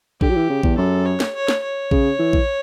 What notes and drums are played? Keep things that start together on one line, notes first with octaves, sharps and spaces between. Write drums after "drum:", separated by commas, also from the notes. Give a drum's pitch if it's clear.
D3 G4, drum: kick A#1
F#3
E3
C#3
E2, drum: kick A#1
F#2 A4
C#5
drum: snare
C#5
drum: snare
C#5
C#3, drum: kick A#1
E3
drum: kick A#1